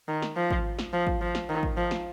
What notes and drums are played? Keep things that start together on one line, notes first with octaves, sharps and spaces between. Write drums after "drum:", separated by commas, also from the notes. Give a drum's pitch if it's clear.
D#3
drum: snare
F3
drum: kick
drum: snare
F3
drum: kick
F3
drum: snare
D#3
drum: kick
F3
drum: snare